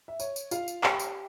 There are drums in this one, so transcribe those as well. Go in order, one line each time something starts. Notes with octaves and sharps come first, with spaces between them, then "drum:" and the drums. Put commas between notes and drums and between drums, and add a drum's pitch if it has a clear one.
E5
C#5, drum: tambourine
drum: tambourine
F4 F5, drum: tambourine
drum: tambourine
G4 G5, drum: clap
drum: tambourine